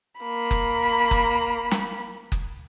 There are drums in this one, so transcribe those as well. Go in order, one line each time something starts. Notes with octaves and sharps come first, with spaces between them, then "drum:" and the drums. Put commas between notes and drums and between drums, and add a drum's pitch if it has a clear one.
A#3 B5
drum: kick F#1
drum: kick F#1
drum: snare
drum: kick F#1